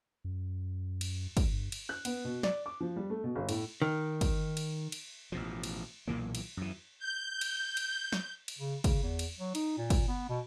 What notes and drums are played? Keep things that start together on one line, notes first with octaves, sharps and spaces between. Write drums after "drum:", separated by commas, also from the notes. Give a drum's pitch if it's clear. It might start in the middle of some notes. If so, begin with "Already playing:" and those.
F#2
drum: cymbal
drum: kick, cymbal
G2
drum: cymbal
F#6
B3, drum: cymbal
B2
D5, drum: snare
D6
F3
G3
A3
B2
G1
A2, drum: cymbal
D#3
drum: kick, cymbal
drum: cymbal
drum: cymbal
A1 B2 F3
drum: cymbal
B1 A#2 E3 A#3
drum: cymbal
F#2 E3
G6
drum: cymbal
drum: cymbal
drum: snare
drum: cymbal
C#3
C#3, drum: kick, cymbal
E2
drum: cymbal
F#3
D#4, drum: cymbal
A#2
drum: kick, cymbal
B3
B2